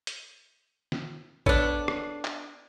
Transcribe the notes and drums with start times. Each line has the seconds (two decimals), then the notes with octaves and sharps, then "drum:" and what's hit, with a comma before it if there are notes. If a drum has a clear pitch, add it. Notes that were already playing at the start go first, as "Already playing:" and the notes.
0.07 drum: hi-hat
0.92 drum: snare
1.46 B3 D4 A4 C#5, drum: kick
1.88 drum: rim click
2.25 drum: clap